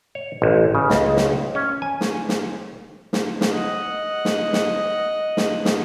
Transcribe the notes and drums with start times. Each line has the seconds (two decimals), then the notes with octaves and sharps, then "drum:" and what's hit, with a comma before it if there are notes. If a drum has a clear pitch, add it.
0.15 C#5
0.42 A1
0.75 C#3
0.90 C#2, drum: snare
1.17 drum: snare
1.55 C#4
1.82 G#5
2.01 drum: snare
2.29 drum: snare
3.13 drum: snare
3.41 drum: snare
3.53 D#5 F#5
4.25 drum: snare
4.53 drum: snare
5.37 drum: snare
5.65 drum: snare